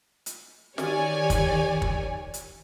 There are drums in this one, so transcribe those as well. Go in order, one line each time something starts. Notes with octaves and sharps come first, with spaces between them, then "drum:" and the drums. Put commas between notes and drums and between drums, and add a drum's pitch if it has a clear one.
drum: hi-hat
D#3 G4 C#5 D5 G#5, drum: snare
drum: kick, hi-hat
drum: kick
drum: hi-hat